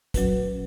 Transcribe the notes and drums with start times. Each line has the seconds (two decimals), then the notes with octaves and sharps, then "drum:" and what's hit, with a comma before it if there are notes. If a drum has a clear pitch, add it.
0.14 A#2 F#3 C#4 F#4 B4, drum: kick, hi-hat